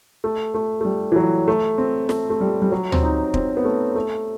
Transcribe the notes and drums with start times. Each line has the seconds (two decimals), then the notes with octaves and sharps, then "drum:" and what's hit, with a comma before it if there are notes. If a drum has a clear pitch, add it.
0.24 A3
0.54 A3
0.81 A3
0.85 G3
1.12 E3
1.16 F#3
1.48 A3
1.78 C4
2.09 A3, drum: snare
2.30 A3
2.41 G3
2.62 G3
2.72 F#3
2.92 C4, drum: tom
3.03 D#4
3.34 C4, drum: kick
3.57 B3
3.65 A3
3.96 A3